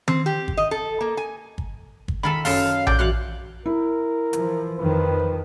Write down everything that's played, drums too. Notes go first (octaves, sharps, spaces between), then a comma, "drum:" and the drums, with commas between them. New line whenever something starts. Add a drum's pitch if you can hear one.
C4, drum: tom D#3
G4
drum: kick G1
D#5
A4
A#3
G#5
drum: kick G1
drum: kick G1
D#3 F4 A4 B5
F#2 A4 F5 C6, drum: open hi-hat
D5 D6 G6, drum: tom A#1
E3 F#4 F5 F#5 C6 F#6
E4 A#4
E3 F3, drum: hi-hat
F2 D#3 F3 B4